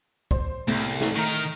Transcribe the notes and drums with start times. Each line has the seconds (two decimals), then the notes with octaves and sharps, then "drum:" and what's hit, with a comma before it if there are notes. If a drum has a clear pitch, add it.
0.31 C5, drum: kick
0.68 C2 A2
1.01 drum: snare
1.15 D#3 A#4